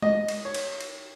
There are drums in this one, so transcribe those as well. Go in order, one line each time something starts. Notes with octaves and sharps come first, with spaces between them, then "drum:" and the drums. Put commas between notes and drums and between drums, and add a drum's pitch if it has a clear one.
D#5, drum: tom G#3
drum: cymbal
C#5
drum: cymbal
drum: cymbal